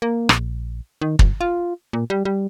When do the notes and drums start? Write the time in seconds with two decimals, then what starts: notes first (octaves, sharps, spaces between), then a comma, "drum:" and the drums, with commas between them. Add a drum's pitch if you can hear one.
0.02 A#3
0.29 A#1, drum: rim click
1.02 D#3
1.19 G1, drum: kick
1.41 F4
1.93 A#2
2.10 G3
2.25 G3